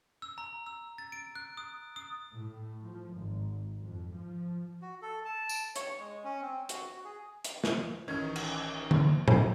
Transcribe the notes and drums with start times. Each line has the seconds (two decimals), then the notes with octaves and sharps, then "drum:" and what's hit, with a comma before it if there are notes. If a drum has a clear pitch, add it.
0.22 E6
0.38 A#5
0.66 E6
0.98 A6
1.12 D7
1.35 F#6
1.57 D#6
1.96 D#6
2.33 A2
2.83 F3
3.13 G#1
3.82 F2
4.15 F3
4.82 F#4
5.02 A4
5.25 A5
5.49 drum: tambourine
5.76 C#5, drum: hi-hat
5.99 G#3
6.24 C#4
6.42 C4
6.69 F#4, drum: hi-hat
6.92 F#4
7.05 G#4
7.44 drum: hi-hat
7.64 drum: snare
8.08 A1 D#3 C#4 D#4 C#5 G#6
8.36 drum: cymbal
8.91 drum: tom D3
9.28 drum: tom A2